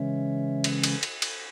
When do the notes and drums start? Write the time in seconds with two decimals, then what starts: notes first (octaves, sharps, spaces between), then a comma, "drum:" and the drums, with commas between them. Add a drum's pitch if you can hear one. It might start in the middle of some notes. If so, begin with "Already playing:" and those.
Already playing: C#3 E3 G#3 C#4 C#5 E5
0.64 drum: cymbal
0.84 drum: cymbal
1.03 drum: cymbal
1.22 drum: cymbal